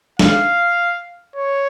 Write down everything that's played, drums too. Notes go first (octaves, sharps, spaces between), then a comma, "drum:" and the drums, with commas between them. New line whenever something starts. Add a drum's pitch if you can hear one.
F5, drum: snare
C#5